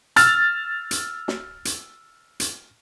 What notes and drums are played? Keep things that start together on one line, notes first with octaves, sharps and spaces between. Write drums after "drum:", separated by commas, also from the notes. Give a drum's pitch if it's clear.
E6 F6 A6, drum: hi-hat
drum: hi-hat
drum: snare
drum: hi-hat
drum: hi-hat